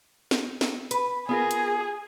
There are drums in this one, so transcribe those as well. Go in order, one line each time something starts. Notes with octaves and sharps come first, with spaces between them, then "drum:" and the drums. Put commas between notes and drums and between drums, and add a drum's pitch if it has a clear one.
drum: snare
drum: snare
B4, drum: hi-hat
B3 F4 G#4 A#4
drum: hi-hat